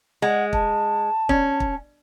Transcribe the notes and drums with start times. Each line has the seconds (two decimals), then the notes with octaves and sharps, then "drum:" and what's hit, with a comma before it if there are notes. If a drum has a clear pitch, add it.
0.22 G#3 F#5
0.53 A5, drum: kick
1.29 C#4, drum: kick
1.60 drum: kick